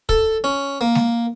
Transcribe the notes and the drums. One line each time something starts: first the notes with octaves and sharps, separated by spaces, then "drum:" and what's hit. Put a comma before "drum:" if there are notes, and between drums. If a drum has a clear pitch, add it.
A4, drum: kick
C#4
A#3
drum: snare